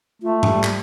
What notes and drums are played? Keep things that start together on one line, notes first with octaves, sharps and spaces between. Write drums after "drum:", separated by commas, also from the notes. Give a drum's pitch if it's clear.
A3 F4
G3, drum: tom G#2
drum: clap